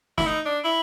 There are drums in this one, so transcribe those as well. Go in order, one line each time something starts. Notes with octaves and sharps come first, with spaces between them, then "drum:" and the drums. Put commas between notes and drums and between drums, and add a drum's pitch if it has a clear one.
E4, drum: snare
D#4
D4
E4